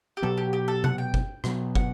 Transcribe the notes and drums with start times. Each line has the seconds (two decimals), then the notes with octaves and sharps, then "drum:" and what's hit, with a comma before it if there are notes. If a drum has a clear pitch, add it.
0.17 G4
0.22 B2 F#3 B3 A4
0.38 G4
0.53 G4
0.68 A4
0.84 F#5, drum: tom C3
0.98 G5
1.14 drum: kick
1.44 B2 F#3 B3, drum: rim click
1.75 F#5, drum: kick